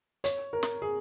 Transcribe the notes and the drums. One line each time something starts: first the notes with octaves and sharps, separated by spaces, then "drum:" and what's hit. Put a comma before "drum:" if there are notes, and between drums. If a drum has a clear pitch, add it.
C#5, drum: hi-hat
A#4
drum: snare
G#4